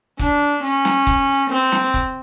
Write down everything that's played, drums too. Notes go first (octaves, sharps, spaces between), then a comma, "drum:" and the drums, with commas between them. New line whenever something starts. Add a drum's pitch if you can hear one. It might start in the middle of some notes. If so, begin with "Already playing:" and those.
D4, drum: kick
C#4
drum: snare
drum: kick
C4
drum: snare
drum: kick